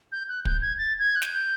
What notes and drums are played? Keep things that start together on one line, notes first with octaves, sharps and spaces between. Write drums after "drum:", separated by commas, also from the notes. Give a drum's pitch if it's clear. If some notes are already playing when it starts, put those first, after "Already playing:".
G6
F#6
G6, drum: kick
G#6
A6
G#6
F#6
G6, drum: snare